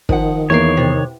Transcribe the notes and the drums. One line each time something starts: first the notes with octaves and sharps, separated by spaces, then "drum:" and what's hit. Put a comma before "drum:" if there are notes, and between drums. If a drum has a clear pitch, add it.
D#3 F3 F#5, drum: kick
E2 E3 A#3 C#5 C7
C3